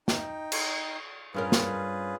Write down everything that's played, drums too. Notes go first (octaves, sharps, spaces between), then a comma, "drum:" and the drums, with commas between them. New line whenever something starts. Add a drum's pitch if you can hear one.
D#4 G5, drum: snare
drum: cymbal
G2 C#4 F4 G#4 A#4 B4
drum: snare